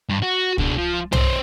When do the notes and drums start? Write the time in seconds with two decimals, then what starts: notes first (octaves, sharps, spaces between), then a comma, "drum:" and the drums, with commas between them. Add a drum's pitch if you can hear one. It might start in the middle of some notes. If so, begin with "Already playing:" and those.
0.09 G2
0.22 F#4
0.58 B2 D4, drum: kick
0.77 F3
1.12 C#4 C5, drum: tom